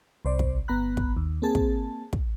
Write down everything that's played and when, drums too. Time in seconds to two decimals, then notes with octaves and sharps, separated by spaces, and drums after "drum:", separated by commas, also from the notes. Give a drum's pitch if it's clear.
0.25 C2 C5 D5
0.39 drum: kick
0.68 G1 B3 A#5 B5 F#6
0.97 drum: kick
1.17 D#2
1.42 A#3 C4 G#4 A5
1.55 drum: kick
2.13 drum: kick